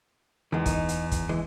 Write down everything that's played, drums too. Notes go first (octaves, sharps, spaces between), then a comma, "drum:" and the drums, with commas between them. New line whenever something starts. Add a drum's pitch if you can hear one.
E2 D#3 G#3
D#4, drum: kick, hi-hat
drum: hi-hat
drum: kick, hi-hat
E3 G#3